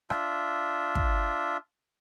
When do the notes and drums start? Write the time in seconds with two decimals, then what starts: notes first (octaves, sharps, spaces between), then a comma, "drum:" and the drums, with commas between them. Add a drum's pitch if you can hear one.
0.10 D4 F4 E5, drum: rim click
0.95 drum: kick